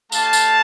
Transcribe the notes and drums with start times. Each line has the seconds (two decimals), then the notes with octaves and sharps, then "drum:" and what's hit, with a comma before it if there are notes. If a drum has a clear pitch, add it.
0.12 A3 D4 G4 F5 A5, drum: tambourine
0.33 drum: tambourine